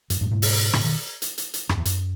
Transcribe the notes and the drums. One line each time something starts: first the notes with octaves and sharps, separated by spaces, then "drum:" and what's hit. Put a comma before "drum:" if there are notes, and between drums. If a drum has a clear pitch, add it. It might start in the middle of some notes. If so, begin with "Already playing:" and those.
F#2, drum: hi-hat
F#2 A2
G#2 B2
drum: open hi-hat
A2 C#3, drum: rim click
B2 D#3
drum: hi-hat
drum: hi-hat
drum: hi-hat
F#2, drum: rim click
E2
F#2, drum: hi-hat